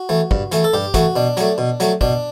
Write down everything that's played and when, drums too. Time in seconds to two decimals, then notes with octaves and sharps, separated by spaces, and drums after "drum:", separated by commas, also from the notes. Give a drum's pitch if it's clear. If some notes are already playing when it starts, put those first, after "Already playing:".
Already playing: F#4
0.09 E3 A3
0.31 G2, drum: kick
0.52 E3 A3, drum: hi-hat
0.64 A4
0.74 G2 G4
0.94 E3 A3 F#4, drum: kick, hi-hat
1.16 B2 D4
1.37 F#3 A3, drum: hi-hat
1.58 B2
1.80 F#3 A3, drum: hi-hat
2.01 B2 D4, drum: kick